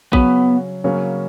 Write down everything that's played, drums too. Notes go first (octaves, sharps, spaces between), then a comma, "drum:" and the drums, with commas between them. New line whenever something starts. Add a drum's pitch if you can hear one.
C#3 F#3 B3 C#4, drum: kick A#1
C#3 F#3 A#3 C#4